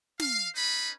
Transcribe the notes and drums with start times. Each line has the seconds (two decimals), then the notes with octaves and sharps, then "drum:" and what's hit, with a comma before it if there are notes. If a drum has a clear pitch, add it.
0.20 F5, drum: snare
0.55 C#4 D#4 B4 B5